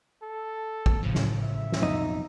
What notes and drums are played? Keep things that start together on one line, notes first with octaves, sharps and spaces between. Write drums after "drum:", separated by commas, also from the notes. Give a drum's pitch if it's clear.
A4
drum: kick
A2 C#3 F3
drum: snare
E5
drum: snare
B1 F2 D#4